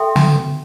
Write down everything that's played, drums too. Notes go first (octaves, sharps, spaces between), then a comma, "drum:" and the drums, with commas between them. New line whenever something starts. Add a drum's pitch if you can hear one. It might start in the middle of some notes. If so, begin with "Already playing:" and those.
Already playing: A4 E5 G5 C6
D3, drum: snare